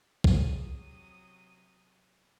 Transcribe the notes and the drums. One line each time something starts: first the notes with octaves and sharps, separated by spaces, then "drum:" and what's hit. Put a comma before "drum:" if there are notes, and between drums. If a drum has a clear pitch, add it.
C3 F#3 G#4 G#5 D#6, drum: kick